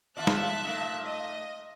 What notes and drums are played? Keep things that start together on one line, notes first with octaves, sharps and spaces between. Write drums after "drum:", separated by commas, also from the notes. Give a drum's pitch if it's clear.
D#2 F4 D5 E5 A5 F#6
drum: snare
A#2 A3 D#4
D#5